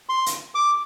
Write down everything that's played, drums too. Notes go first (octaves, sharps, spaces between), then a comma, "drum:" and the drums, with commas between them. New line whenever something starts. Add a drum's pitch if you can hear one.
C6
drum: hi-hat
D6